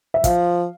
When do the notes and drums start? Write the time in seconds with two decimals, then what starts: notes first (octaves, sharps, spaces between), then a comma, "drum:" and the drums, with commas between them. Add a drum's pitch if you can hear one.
0.14 E5
0.24 F3 F5, drum: kick, hi-hat